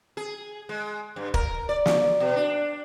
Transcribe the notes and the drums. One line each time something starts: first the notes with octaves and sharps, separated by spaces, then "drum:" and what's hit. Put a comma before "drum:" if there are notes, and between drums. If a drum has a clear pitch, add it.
G#4
G#3
G2
A#4, drum: kick
D5
drum: snare
B2
D4